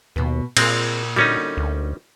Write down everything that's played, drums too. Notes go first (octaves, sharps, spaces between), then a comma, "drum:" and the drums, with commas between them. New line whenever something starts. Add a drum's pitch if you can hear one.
D#2 B2 B3
A#2 G#3 A#3 C4 F4, drum: cymbal
D3 G3 A#3 C#4 D#4 F#4
D2